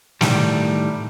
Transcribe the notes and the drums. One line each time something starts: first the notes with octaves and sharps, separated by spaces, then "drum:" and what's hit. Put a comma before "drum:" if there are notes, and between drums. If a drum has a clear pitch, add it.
A2 D#3 G3, drum: snare